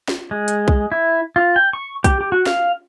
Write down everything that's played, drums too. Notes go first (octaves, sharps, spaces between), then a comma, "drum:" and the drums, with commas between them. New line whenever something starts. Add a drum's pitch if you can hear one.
drum: snare
G#3
drum: hi-hat
drum: kick B1
E4
F4
G5
C#6
G4, drum: kick B1, hi-hat
G4
F#4
F5, drum: snare